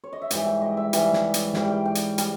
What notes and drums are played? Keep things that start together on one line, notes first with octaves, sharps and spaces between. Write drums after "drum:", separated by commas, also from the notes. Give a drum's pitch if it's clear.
C#5
D#5
E5
G#2 E3 G3 G5, drum: hi-hat
G5
D#5
E5
G#2 E3 G3, drum: hi-hat
drum: snare
drum: hi-hat
G#2 G3 G5, drum: snare
G5
G5
drum: hi-hat
G3, drum: hi-hat